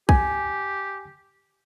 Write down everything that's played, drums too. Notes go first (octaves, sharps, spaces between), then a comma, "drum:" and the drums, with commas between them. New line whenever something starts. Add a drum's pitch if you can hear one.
G4 G#5, drum: kick